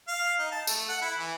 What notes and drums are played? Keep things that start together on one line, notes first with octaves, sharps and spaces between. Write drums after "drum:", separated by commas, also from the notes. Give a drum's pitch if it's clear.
F5
D#4
A5
A3, drum: tambourine
F#5
E4
E3